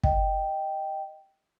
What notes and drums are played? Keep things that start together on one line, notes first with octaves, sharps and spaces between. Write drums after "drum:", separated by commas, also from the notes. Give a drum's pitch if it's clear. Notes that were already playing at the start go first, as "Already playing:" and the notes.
D#5 G5, drum: kick